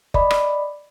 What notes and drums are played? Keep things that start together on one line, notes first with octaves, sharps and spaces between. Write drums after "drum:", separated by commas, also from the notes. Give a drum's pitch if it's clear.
D5 D#5 B5, drum: kick F#1
drum: rim click